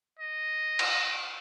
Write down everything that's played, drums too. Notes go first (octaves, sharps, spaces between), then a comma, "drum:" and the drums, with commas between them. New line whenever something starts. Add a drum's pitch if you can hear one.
D#5
drum: cymbal